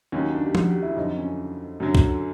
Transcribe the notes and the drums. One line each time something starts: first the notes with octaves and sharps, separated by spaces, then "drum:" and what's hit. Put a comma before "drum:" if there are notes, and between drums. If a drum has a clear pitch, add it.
D#2 D#3 F#3 C#4
D4
G4
F#4, drum: tom F3
G4
E4
F2 D3 F#3 D#4
C#4
F#2 D3 F#3
drum: kick